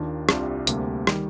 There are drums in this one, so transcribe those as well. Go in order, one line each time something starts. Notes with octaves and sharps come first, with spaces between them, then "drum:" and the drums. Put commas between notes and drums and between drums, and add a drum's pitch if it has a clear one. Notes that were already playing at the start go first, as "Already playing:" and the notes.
Already playing: D#2 D#3 A#3 D4 F4
C2 C3 G3 D4 F4, drum: rim click
D2 C3 G3 A#3 D4, drum: hi-hat
D#3 G3, drum: rim click